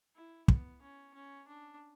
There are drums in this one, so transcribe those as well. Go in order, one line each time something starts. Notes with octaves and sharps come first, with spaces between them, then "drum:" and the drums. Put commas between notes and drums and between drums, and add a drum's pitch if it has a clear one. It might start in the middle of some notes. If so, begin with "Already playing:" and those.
E4
B3, drum: kick
C#4
C#4
D4